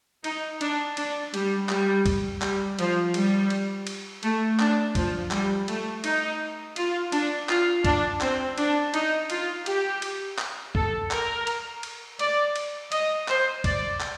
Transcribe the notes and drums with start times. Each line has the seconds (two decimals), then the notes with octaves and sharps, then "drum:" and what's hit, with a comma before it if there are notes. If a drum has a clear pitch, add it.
0.24 D#4, drum: cymbal
0.61 D4, drum: cymbal
0.97 D4, drum: cymbal
1.34 G3, drum: cymbal
1.69 G3, drum: clap
2.06 drum: kick, cymbal
2.42 G3, drum: clap
2.79 F3, drum: cymbal
3.14 G3, drum: cymbal
3.50 drum: cymbal
3.87 drum: cymbal
4.23 A3, drum: cymbal
4.59 D4, drum: clap
4.95 F3, drum: kick, cymbal
5.31 G3, drum: clap
5.68 A3, drum: cymbal
6.04 D#4, drum: cymbal
6.76 F4, drum: cymbal
7.12 D4, drum: cymbal
7.49 F4, drum: clap
7.85 D4, drum: kick, cymbal
8.21 C4, drum: clap
8.58 D4, drum: cymbal
8.94 D#4, drum: cymbal
9.30 F4, drum: cymbal
9.66 G4, drum: cymbal
10.02 drum: cymbal
10.38 drum: clap
10.75 A4, drum: kick
11.11 A#4, drum: clap
11.47 drum: cymbal
11.83 drum: cymbal
12.19 D5, drum: cymbal
12.56 drum: cymbal
12.92 D#5, drum: cymbal
13.28 C5, drum: clap
13.64 D5, drum: kick, cymbal
14.00 drum: clap